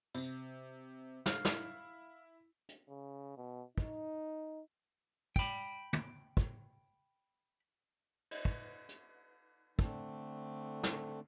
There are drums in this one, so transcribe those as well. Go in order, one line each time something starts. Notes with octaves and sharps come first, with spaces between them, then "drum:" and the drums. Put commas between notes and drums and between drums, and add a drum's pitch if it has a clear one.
C3, drum: tambourine
F5, drum: snare
E4, drum: snare
drum: hi-hat
C#3
B2
D#4, drum: kick
G5 B5, drum: kick
drum: tom
drum: kick
drum: cymbal
drum: kick
drum: hi-hat
D3 A3 C4 D4, drum: kick
drum: snare